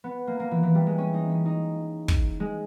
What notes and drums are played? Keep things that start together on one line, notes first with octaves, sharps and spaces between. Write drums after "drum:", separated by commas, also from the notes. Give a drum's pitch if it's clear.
B3
A#3
A#3
E3
E3
G3
G#3
C#4
D#4
C#4
D#4
drum: kick
G#3